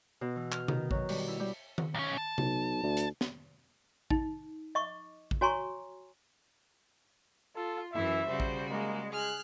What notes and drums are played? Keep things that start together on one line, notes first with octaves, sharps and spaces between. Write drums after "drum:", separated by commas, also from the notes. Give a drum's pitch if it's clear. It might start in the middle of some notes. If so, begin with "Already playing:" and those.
B2
E3
F6, drum: clap
D#3, drum: tom C3
F#3, drum: kick A1
G3, drum: cymbal
E4
G3
drum: tom D#3
B1 C#4
A5
B1, drum: tom C3
D2
drum: hi-hat
drum: snare
D#4, drum: kick A1
D#5 C#6 D6
drum: kick A1
F#4 C#5 G#5 A#5 C6 C#6
F4 A4
F#2 E3 E4 E5
C#3 G3 F#4 C5
drum: kick A1
G#3 A#3
G#3 G#4 F6 F#6